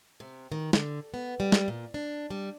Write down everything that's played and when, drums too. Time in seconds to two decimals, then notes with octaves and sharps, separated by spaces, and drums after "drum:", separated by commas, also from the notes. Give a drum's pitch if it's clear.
0.20 C3
0.52 D#3
0.73 D3, drum: snare
1.14 B3
1.40 G3
1.52 drum: snare
1.68 A#2
1.94 D4
2.30 G3